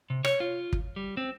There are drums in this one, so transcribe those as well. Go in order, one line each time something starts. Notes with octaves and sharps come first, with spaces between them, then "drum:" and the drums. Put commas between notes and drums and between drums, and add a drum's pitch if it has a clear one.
C3
C#5, drum: rim click
F4
drum: kick
G3
C4